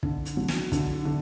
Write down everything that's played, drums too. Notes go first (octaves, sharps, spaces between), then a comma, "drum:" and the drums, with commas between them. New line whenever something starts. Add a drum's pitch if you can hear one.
D3, drum: kick
drum: hi-hat
F#3
drum: snare
D3, drum: kick, hi-hat
D3